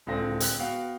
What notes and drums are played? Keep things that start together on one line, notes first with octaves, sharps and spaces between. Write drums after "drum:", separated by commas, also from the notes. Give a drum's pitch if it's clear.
D1 C#2 D3 C4 A#6
G5 F#6, drum: hi-hat
B3 F#4 F5 G5